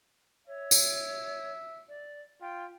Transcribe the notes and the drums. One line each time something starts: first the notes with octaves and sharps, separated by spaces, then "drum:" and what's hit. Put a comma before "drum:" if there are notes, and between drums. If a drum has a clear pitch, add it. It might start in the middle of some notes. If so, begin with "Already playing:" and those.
C#5 E5
drum: tambourine
D5
F4 G5